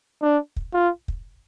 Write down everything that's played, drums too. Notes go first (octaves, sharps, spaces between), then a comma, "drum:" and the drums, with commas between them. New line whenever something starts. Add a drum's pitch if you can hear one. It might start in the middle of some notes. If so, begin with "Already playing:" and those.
D4
drum: kick
F4
drum: kick